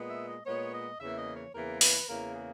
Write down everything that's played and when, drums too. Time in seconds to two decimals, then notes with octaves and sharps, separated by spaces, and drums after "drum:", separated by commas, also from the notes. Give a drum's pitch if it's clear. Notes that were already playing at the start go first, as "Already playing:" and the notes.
Already playing: A#2 G#3 B3
0.09 E5
0.28 D#5
0.46 A#2 G#3 B3 C#5
0.73 D#5
1.00 E2 C#3 E3 A#3 E5
1.18 D#5
1.36 C#5
1.54 E2 C#3 E3 A#3 A#4
1.81 B4, drum: open hi-hat
2.08 E2 C#3 E3 A#3 A#4
2.35 G#4